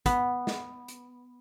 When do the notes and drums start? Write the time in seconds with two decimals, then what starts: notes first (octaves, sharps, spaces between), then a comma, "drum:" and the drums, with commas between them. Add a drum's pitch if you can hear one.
0.06 B3, drum: kick, hi-hat
0.47 drum: snare
0.88 drum: hi-hat